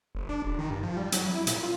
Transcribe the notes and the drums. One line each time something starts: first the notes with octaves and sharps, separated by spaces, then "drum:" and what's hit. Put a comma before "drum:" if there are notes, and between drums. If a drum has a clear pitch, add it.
F#1
D4
D#1
D#3
G2
F3
G3
F#3, drum: hi-hat
E4
A#2, drum: hi-hat
F4